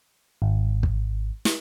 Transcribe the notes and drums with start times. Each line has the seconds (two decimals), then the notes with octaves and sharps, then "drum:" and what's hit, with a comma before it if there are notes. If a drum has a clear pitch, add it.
0.42 G#1
0.83 drum: kick
1.45 drum: snare